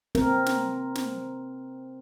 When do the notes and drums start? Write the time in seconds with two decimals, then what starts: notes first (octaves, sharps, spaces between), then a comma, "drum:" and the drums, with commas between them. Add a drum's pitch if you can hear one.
0.15 C4 A#4, drum: snare
0.46 drum: snare
0.95 drum: snare